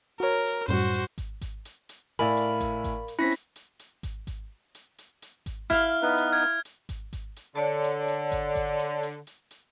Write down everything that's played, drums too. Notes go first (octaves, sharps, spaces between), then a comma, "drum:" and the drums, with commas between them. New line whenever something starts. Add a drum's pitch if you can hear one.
F#4 A#4 C#5
drum: hi-hat
F#2 A2 G3 F#4 C5, drum: hi-hat
drum: hi-hat
drum: kick G#1, hi-hat
drum: kick G#1, hi-hat
drum: hi-hat
drum: hi-hat
A2 E4 A#4 D5 F5 G#5 B5
drum: hi-hat
drum: kick G#1, hi-hat
drum: kick G#1, hi-hat
drum: hi-hat
C4 C#4 E4 A#6 B6
drum: hi-hat
drum: hi-hat
drum: hi-hat
drum: kick G#1, hi-hat
drum: kick G#1, hi-hat
drum: hi-hat
drum: hi-hat
drum: hi-hat
drum: kick G#1, hi-hat
E4 F5 F6, drum: kick G#1, hi-hat
B3 D#4 B4
drum: hi-hat
F6 G#6
drum: hi-hat
drum: kick G#1, hi-hat
drum: kick G#1, hi-hat
drum: hi-hat
D3 C#5 D5 A5
drum: hi-hat
drum: hi-hat
drum: kick G#1, hi-hat
drum: kick G#1, hi-hat
drum: hi-hat
drum: hi-hat
drum: hi-hat
drum: hi-hat